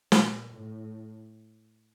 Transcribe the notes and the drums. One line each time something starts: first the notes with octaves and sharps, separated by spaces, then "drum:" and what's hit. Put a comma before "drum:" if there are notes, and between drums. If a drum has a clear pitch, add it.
A#2, drum: snare
A2